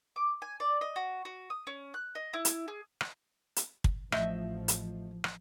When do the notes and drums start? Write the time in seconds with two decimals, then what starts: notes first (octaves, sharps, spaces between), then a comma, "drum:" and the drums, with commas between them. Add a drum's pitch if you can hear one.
0.16 D6
0.42 G#5
0.60 D5
0.81 D#5
0.96 F#4
1.25 F#4
1.50 D#6
1.67 C#4
1.94 F#6
2.15 D#5
2.33 E4
2.45 drum: hi-hat
2.68 G#4
3.01 drum: rim click
3.56 drum: hi-hat
3.84 drum: kick
4.12 A1 F3 A3 D#5 E5, drum: rim click
4.68 drum: hi-hat
5.24 drum: rim click